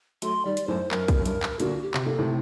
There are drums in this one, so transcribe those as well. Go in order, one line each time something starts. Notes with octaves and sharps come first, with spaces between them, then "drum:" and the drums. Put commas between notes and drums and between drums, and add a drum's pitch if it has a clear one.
F#3 A3 C6, drum: hi-hat
D#3 G3 D5
drum: hi-hat
F#2 A2 C5
F#2 A#4, drum: clap
drum: kick, hi-hat
F#2
G2 A#4, drum: hi-hat
drum: clap
A#2 D3 F#4, drum: hi-hat
G4
C3, drum: clap
A#2 A4
A2 C3